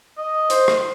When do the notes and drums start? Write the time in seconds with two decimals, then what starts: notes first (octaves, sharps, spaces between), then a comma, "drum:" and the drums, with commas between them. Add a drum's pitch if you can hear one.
0.18 D#5
0.50 C5, drum: hi-hat
0.68 drum: rim click